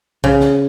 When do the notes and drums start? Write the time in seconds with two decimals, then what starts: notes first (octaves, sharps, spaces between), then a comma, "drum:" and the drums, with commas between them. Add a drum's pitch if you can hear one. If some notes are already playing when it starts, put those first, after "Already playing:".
0.24 C#3, drum: kick
0.41 drum: snare